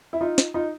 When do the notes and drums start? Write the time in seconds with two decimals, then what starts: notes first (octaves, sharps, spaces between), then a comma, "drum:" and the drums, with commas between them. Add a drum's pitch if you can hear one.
0.13 E4
0.21 D#4 F4
0.38 drum: snare
0.54 D#4 F4